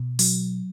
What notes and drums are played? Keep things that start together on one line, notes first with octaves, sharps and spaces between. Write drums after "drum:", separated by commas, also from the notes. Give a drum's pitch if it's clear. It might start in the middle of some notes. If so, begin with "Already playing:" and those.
Already playing: B2
F#3, drum: open hi-hat